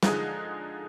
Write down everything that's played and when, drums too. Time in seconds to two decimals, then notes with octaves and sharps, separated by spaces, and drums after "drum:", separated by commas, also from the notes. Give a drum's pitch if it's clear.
0.03 D3 F3 G#3 D#4 G#4, drum: snare